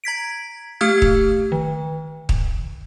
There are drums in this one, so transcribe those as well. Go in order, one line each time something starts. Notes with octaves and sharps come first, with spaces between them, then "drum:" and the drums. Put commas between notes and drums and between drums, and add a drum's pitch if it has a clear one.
A#5 G#6 B6 D7
A3 G4 F5 E6 F6 G#6
drum: kick
D#3
drum: kick